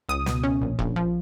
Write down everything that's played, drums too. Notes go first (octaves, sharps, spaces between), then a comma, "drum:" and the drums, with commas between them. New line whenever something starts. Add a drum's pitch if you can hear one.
C#2 D#6
B2, drum: snare
C#4
A#1
A#1, drum: kick E1
F3